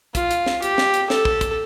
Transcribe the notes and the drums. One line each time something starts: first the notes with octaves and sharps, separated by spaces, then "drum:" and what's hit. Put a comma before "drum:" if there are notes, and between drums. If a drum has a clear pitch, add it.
F4, drum: kick, hi-hat
drum: hi-hat
drum: snare
G4, drum: hi-hat
drum: snare
drum: hi-hat
A4, drum: snare
drum: kick
drum: kick, hi-hat